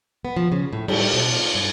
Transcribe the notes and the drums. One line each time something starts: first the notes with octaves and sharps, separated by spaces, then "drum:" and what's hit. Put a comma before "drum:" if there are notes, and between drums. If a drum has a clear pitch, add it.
B3
F3
C#3
A2
G3, drum: cymbal
B2
F4
G2